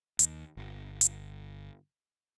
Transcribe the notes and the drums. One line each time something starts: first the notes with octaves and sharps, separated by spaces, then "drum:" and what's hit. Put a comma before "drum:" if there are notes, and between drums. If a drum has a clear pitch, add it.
D#2, drum: hi-hat
G1
drum: hi-hat